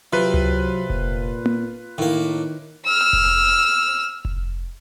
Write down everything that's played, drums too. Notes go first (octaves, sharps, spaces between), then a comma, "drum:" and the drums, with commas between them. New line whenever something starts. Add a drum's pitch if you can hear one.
C3 F#3 F4 B4
drum: tom C#2
A#2, drum: kick F1
drum: tom A#3
A2 D#3 A#3
E6 F6
drum: kick F1
drum: kick F1